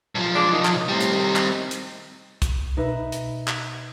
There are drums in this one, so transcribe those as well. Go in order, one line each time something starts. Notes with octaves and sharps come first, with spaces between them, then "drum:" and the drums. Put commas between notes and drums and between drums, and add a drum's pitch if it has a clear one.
B1 F3
G#3 D4
D#3 D#4
drum: clap
A2 G3 C4
drum: hi-hat
D#3
drum: clap
drum: hi-hat
drum: kick, hi-hat
B2 D#4 B4 E5
drum: hi-hat
drum: clap